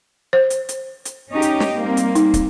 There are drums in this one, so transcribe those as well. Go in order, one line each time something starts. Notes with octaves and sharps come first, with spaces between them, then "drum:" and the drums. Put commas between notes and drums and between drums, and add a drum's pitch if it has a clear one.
C5
drum: hi-hat
drum: hi-hat
drum: hi-hat
C#4 D#4 G4
drum: hi-hat
drum: snare
G3 A#3 C4
drum: hi-hat
D#4, drum: hi-hat
drum: kick, hi-hat